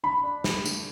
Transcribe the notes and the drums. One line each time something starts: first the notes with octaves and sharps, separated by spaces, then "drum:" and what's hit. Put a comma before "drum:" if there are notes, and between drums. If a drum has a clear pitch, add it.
D3 B5
D4
A3, drum: snare
D3, drum: tambourine